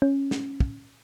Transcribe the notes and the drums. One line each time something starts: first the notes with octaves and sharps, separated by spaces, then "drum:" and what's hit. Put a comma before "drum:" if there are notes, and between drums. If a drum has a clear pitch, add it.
C#4
drum: snare
drum: kick